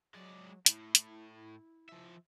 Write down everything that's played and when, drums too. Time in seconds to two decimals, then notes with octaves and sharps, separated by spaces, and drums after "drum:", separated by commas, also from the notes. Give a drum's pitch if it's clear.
0.14 F#3 G#3 D5
0.66 A2 E4, drum: hi-hat
0.95 drum: hi-hat
1.89 F3 E5